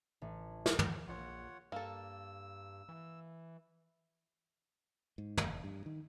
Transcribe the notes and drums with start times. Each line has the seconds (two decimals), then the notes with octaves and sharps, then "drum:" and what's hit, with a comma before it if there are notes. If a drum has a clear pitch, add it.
0.22 A1
0.66 drum: snare
0.79 drum: tom
1.08 A#1 F4 C#5 F#5
1.72 G2 A#3 A4 E6
2.89 E3
5.18 G#2
5.38 F1, drum: tom
5.64 G2
5.86 D#3